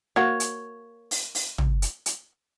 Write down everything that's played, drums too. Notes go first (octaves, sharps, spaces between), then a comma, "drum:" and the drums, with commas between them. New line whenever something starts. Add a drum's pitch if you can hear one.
A#3 F#4 C#5 F5
drum: hi-hat
drum: open hi-hat
drum: open hi-hat
drum: tom
drum: hi-hat
drum: hi-hat